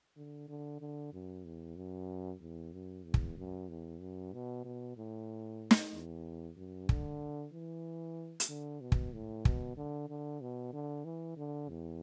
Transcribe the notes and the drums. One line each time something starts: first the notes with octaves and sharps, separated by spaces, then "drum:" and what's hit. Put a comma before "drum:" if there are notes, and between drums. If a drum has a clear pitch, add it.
D3
D3
D3
F#2
E2
F#2
E2
F#2
E2
drum: kick
F#2
E2
F#2
B2
B2
A2
drum: snare
E2
F#2
D3, drum: kick
E3
drum: hi-hat
D3
B2
drum: kick
A2
B2, drum: kick
D3
D3
B2
D3
E3
D3
E2